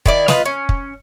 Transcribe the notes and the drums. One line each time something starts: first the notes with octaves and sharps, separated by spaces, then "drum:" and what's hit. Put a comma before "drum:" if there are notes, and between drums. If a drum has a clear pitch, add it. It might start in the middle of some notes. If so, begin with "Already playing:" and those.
D#3 E4 D5, drum: kick
F4 B4 D#5, drum: snare
C#4
drum: kick